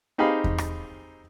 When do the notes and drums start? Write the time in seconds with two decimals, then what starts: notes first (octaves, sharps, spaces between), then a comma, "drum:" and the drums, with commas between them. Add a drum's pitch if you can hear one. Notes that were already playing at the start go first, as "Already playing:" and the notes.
0.18 C4 D#4 G4 G#4 F5 B5
0.44 drum: kick E2
0.58 drum: rim click